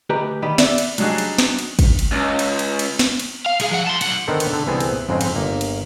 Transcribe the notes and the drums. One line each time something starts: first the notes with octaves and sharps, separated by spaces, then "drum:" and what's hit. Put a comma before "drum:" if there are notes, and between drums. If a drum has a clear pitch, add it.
D2 G4 B4 D#5 A#5
B2 D#3 G3 G4 D#5 B5
A#3 B3 G4 D5 E5, drum: snare
drum: cymbal
F#3 G3 D4 D#4 F#4 G#4, drum: cymbal
drum: cymbal
drum: snare
drum: cymbal
drum: kick, cymbal
drum: cymbal
C#2
drum: cymbal
drum: cymbal
drum: cymbal
drum: snare
drum: cymbal
F5
B1 G#4, drum: cymbal
F3 F#5
A5 C6
B1 F#5, drum: cymbal
D3 D#3 B3 A4 A#4 C5
drum: cymbal
D3 A4
C2 E3 B3 C4 G#4 A4
drum: cymbal
F2 G#2 C#3 G#3 C4
drum: cymbal
G1 A#3
drum: cymbal